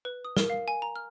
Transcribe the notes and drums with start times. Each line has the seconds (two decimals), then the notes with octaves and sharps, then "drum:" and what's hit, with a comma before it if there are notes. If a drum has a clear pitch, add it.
0.05 B4
0.25 D#6
0.37 A#4, drum: snare
0.50 F5
0.68 G#5
0.82 A#5
0.96 F6